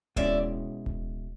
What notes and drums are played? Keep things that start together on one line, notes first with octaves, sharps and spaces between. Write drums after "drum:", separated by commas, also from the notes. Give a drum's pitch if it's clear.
B2 G#3 C#4 E4 D5 E5, drum: kick D1
drum: kick D1